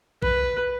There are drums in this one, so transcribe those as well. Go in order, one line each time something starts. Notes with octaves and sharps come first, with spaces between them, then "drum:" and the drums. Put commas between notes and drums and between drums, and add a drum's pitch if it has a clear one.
B4, drum: kick A#1